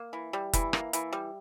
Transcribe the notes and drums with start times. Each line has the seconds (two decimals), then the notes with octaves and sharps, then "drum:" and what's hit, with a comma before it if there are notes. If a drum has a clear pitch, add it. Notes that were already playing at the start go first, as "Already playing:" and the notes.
Already playing: A#3
0.13 E3
0.33 G3
0.53 E3, drum: kick F1, hi-hat
0.73 A#3, drum: rim click
0.93 E3, drum: hi-hat
1.13 G3